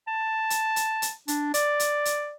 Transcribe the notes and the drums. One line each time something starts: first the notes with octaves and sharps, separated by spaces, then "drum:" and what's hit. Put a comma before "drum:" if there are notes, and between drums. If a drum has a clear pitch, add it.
A5
drum: hi-hat
drum: hi-hat
drum: hi-hat
D4, drum: hi-hat
D5, drum: hi-hat
drum: hi-hat
drum: hi-hat